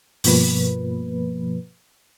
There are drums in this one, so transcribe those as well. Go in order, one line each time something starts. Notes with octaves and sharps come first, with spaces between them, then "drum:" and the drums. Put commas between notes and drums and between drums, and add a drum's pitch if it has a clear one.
G2 B2 F3 A#3 B4, drum: open hi-hat